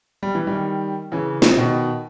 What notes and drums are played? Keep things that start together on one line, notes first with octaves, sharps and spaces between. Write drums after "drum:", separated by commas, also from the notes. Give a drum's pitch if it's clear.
G3
E3
D#3 G3
C#3 E3
drum: snare
B2 D#3